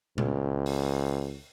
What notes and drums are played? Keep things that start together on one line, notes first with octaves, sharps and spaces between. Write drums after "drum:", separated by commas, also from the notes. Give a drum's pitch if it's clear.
C#2, drum: tom A#2
drum: open hi-hat